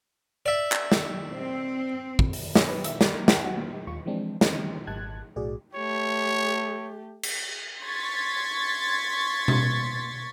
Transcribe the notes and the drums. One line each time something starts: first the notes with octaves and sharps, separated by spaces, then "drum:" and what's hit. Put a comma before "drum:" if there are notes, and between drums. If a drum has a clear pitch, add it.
D5 E5
drum: clap
drum: snare
C4
drum: kick
drum: open hi-hat
F#2, drum: snare
B4
E5, drum: hi-hat
G3, drum: snare
A#3
C#2, drum: snare
F#4
A#2
D#2 F4 C#6
E3 F3 G#3 C4 D4
D3 E3 G#3 C4 C#4 D#4, drum: snare
G#1 A5 F#6 G#6
B1 A2 F#4 G#4 D5
A3 G4 C#5
drum: cymbal
C6 C#6 G#6 A6 B6
drum: tom B2